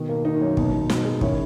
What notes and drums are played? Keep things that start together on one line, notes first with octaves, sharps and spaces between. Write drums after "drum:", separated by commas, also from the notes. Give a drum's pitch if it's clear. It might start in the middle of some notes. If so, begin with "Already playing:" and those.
Already playing: B2 D#3
A#3
A#3 D#4
F#2 C#4
B2 D#4, drum: kick
B2
B2, drum: snare
G#3
D#3 C#4 E4, drum: kick